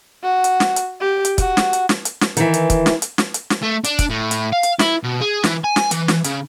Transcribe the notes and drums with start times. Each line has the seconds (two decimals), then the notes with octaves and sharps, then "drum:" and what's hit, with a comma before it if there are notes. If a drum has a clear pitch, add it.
0.23 F#4
0.44 drum: hi-hat
0.60 drum: snare
0.76 drum: hi-hat
1.01 G4
1.25 drum: hi-hat
1.38 F#4, drum: kick, hi-hat
1.57 drum: snare
1.73 drum: hi-hat
1.89 drum: snare
2.05 drum: hi-hat
2.21 drum: snare
2.37 D#3 E3, drum: hi-hat
2.54 drum: hi-hat
2.70 drum: kick, hi-hat
2.86 drum: snare
3.02 drum: hi-hat
3.18 drum: snare
3.34 drum: hi-hat
3.50 drum: snare
3.62 A3
3.84 D4, drum: hi-hat
3.99 drum: kick, hi-hat
4.10 A2
4.31 drum: hi-hat
4.52 F5
4.63 drum: hi-hat
4.79 E4, drum: snare
5.03 B2
5.21 G#4
5.44 E3, drum: snare
5.64 G#5
5.76 drum: snare
5.91 E3, drum: hi-hat
6.08 drum: snare
6.24 C#3, drum: hi-hat